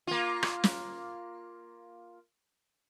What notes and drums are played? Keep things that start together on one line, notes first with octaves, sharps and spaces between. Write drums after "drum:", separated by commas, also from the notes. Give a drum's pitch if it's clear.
A#3 F4
drum: rim click
drum: snare